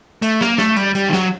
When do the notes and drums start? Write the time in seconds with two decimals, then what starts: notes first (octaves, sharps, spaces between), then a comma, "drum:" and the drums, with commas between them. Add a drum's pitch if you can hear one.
0.22 A3, drum: hi-hat
0.41 A#3, drum: snare
0.58 A3, drum: snare
0.77 G3, drum: hi-hat
0.95 G3, drum: hi-hat
1.09 D#3
1.13 F#3, drum: snare